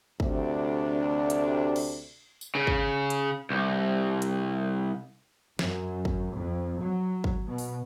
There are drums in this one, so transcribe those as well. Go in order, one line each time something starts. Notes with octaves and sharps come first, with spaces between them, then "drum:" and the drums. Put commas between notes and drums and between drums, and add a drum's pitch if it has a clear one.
D2 C3 D4, drum: kick
drum: hi-hat
drum: cymbal
drum: tambourine
C#3
drum: kick
drum: hi-hat
C2
drum: hi-hat
F#2, drum: snare
drum: kick
F2
F#3
drum: kick
B2
drum: open hi-hat